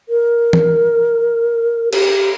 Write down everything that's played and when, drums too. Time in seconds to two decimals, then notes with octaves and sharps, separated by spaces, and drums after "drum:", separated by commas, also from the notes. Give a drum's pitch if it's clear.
0.09 A#4
0.53 drum: tom E3
1.93 G4, drum: cymbal